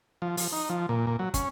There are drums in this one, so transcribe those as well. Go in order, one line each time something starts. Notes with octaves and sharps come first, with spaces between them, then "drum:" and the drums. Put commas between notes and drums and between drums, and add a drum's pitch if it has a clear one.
F3
F3, drum: open hi-hat
D#4
F3
A#2
A#2
F#3
C#4, drum: kick, hi-hat